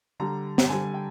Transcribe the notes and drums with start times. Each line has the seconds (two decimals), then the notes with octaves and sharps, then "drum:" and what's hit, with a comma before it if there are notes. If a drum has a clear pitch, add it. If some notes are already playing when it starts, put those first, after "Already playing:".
0.20 D3 G3 A#5
0.58 drum: snare
0.69 D3 G3 G#5
0.94 G5